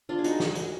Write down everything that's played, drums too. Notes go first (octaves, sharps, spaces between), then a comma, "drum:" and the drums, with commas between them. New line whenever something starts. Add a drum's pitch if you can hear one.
D4 F4
G#4
D#4 F#4, drum: hi-hat
drum: snare
drum: hi-hat